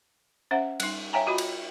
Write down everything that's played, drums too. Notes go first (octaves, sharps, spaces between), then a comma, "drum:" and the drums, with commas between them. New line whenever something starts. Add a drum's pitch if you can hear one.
C#4 C5 E5 F#5
G3 D#4, drum: cymbal
C#5 E5 F5 G5 G#5 A#5
F4 F#4 D#5 B5
drum: cymbal